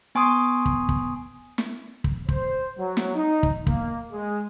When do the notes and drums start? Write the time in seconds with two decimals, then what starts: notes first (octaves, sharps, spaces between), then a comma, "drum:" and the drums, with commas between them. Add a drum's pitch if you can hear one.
0.15 B3 G#5 C6 C#6 D#6
0.66 drum: kick
0.89 drum: kick
1.58 drum: snare
2.04 drum: kick
2.29 C5, drum: kick
2.79 F#3
2.97 drum: snare
3.15 D#4
3.43 drum: kick
3.67 A#3, drum: kick
4.12 G#3